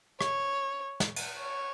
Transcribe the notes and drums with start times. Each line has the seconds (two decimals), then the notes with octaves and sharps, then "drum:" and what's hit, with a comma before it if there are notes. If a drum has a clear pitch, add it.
0.21 C#5, drum: rim click
1.00 drum: snare
1.16 drum: cymbal
1.39 C#5